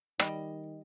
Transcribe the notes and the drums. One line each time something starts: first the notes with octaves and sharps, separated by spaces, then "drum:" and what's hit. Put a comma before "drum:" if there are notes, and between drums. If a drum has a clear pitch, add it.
D#3 G3 D5 D#5, drum: rim click